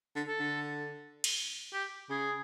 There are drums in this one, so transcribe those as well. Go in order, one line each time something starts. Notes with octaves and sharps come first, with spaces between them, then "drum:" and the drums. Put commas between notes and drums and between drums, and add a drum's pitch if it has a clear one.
D3
A4
D3
drum: cymbal
G4
C#3 G#4